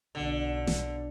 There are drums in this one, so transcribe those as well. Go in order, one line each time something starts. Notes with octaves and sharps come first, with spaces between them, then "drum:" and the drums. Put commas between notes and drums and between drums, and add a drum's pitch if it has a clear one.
B1 D3
drum: snare